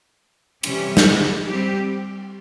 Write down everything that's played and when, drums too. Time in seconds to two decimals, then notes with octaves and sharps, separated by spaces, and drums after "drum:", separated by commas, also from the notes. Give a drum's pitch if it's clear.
0.63 C3 E3 G3 C#4 G4, drum: cymbal
0.97 drum: snare
1.46 G3 C4 G4